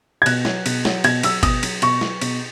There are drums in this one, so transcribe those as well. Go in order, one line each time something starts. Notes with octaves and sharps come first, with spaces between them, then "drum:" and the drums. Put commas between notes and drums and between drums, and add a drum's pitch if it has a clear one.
G#6
B2 F#6, drum: cymbal
F#3, drum: snare
B2, drum: cymbal
F#3, drum: snare
B2 G#6, drum: cymbal
F#3 E6, drum: cymbal
B2 D#6, drum: kick G1, cymbal
F#3, drum: cymbal
B2 C#6, drum: cymbal
F#3, drum: snare
B2, drum: cymbal